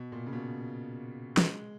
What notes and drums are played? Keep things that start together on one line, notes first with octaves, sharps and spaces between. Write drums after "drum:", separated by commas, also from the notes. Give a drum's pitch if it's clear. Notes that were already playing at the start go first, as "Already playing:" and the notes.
Already playing: B2
A#2
C#3
B2
G#3, drum: snare